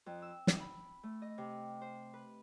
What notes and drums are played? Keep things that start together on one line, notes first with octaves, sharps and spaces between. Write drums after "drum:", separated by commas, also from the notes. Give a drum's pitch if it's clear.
F2
E6
drum: snare
B5
A3
D#5
C3
C5
B4